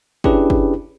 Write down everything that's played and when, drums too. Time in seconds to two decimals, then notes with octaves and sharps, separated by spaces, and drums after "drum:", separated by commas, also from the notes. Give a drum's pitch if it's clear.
0.24 C#4 D4 E4 G4 G#4 B4, drum: kick
0.50 drum: kick